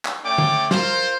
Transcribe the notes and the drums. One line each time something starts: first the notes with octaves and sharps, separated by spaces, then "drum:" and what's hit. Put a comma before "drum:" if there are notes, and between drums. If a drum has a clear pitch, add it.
drum: clap
A3 C#4 D5 G5 D6
drum: tom D3
F4 A#4 C5, drum: snare